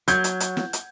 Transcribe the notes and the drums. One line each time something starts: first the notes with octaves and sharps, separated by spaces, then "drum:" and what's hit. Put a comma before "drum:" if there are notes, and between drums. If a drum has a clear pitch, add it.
F#3 G6 G#6, drum: hi-hat
drum: hi-hat
drum: hi-hat
drum: snare
drum: hi-hat